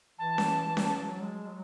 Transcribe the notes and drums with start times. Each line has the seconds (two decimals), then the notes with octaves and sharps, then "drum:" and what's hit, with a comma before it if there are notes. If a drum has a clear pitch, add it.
0.19 E3 A5
0.38 drum: snare C#4
0.77 drum: snare C#4
0.96 F#3
1.22 G#3
1.48 F#3